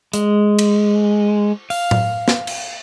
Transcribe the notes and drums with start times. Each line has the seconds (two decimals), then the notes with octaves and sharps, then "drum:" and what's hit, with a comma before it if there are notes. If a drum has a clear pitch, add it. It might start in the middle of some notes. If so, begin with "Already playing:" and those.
0.13 G#3, drum: hi-hat
0.59 drum: cymbal
1.70 F5, drum: open hi-hat
1.91 drum: tom A2
2.28 drum: snare
2.47 drum: cymbal